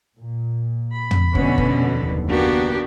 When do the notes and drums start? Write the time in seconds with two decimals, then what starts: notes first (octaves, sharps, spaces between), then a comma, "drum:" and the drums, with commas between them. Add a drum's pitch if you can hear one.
0.17 A#2
0.93 B5
1.11 drum: tom
1.35 F1 F2 B2 D3 B3 C#4, drum: kick
1.58 drum: kick
1.91 F#1 D#2
2.28 A#3 B3 D4 F#4 G4